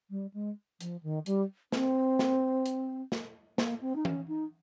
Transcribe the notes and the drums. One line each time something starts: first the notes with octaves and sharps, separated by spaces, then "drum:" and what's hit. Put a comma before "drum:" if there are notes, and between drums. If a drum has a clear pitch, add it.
G3
G#3
F3, drum: hi-hat
D#3
G3, drum: hi-hat
C4, drum: snare
drum: snare
drum: hi-hat
drum: snare
A#3, drum: snare
C4
D#4
C#4, drum: tom E3
D#4